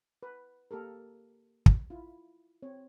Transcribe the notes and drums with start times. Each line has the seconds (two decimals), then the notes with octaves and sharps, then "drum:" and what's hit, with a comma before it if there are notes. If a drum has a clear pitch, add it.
0.23 B4
0.71 A#3 G4 A4 A#4
1.66 drum: kick
1.90 E4 F4
2.62 C4 C#5